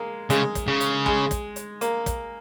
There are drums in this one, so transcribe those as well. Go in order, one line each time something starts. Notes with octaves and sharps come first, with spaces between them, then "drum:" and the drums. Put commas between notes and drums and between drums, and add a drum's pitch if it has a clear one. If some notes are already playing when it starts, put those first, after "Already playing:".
Already playing: G#3 A#3
C#3 G#3, drum: hi-hat
drum: kick, hi-hat
C#3
drum: hi-hat
G#3, drum: kick
drum: kick, hi-hat
drum: hi-hat
A#3, drum: hi-hat
drum: kick, hi-hat